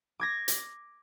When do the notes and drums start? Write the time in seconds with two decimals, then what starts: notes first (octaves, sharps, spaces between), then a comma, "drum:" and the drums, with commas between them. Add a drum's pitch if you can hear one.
0.20 D6 G#6 A#6
0.48 drum: hi-hat